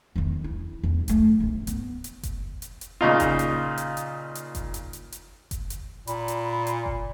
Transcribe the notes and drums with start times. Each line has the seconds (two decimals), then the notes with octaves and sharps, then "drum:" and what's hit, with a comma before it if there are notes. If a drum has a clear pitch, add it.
0.16 E2 D#3
0.44 E4
0.83 E2
1.08 D#2 A3, drum: hi-hat
1.40 G1 C3
1.67 B3, drum: hi-hat
2.04 drum: hi-hat
2.23 drum: kick F#1, hi-hat
2.62 drum: hi-hat
2.81 drum: hi-hat
3.01 A#2 C#3 D#4 F4
3.20 drum: kick F#1, hi-hat
3.39 drum: hi-hat
3.78 drum: hi-hat
3.97 drum: hi-hat
4.35 drum: hi-hat
4.55 drum: kick F#1, hi-hat
4.74 drum: hi-hat
4.93 drum: hi-hat
5.12 drum: hi-hat
5.51 drum: kick F#1, hi-hat
5.70 drum: hi-hat
6.07 A#2 B5, drum: hi-hat
6.28 drum: hi-hat
6.67 drum: hi-hat
6.86 drum: kick F#1